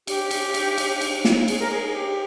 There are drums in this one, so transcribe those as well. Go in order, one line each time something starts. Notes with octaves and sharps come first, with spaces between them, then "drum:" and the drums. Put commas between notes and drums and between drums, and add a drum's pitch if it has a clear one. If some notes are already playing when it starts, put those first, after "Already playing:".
G4, drum: cymbal
drum: cymbal
drum: cymbal
drum: cymbal
drum: cymbal
drum: snare
G#4, drum: cymbal
A#4
G#4
G#4
G4